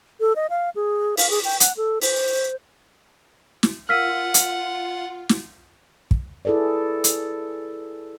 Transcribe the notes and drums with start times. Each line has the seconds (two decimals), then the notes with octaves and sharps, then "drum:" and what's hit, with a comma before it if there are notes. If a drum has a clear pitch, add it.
0.20 A4
0.36 D#5
0.50 F5
0.76 G#4
1.17 F5, drum: open hi-hat
1.30 G#4
1.44 G5
1.60 F#5, drum: hi-hat
1.77 A4
2.01 C5, drum: open hi-hat
3.63 drum: snare
3.89 F4 A#4 F5 F#5 E6 F6 B6 D#7
4.34 drum: hi-hat
5.29 drum: snare
6.11 drum: kick
6.45 E4 G#4 A4 B4 D5
7.04 drum: hi-hat